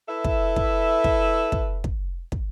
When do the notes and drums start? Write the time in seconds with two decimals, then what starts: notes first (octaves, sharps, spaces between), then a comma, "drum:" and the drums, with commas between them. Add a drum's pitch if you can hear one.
0.09 E4 A4 B4 E5
0.24 drum: kick
0.56 drum: kick
1.04 drum: kick
1.52 drum: kick
1.84 drum: kick
2.32 drum: kick